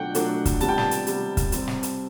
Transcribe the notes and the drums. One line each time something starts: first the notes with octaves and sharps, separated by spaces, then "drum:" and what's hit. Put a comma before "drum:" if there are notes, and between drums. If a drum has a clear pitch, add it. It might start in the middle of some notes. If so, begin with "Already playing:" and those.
Already playing: B2 F#3 A3 D4 F#5 G5
B2 F#3 A3 D4, drum: hi-hat
drum: kick, hi-hat
C3 G3 B3 A5, drum: hi-hat
G5
A5, drum: snare
drum: hi-hat
C3 G3 B3, drum: hi-hat
drum: kick, hi-hat
C3 G3 C4, drum: hi-hat
drum: snare
drum: hi-hat